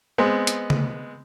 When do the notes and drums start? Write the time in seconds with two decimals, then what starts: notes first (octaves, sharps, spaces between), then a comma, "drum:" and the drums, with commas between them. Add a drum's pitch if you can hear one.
0.18 G#3 B3 C4
0.47 drum: hi-hat
0.70 drum: tom C#3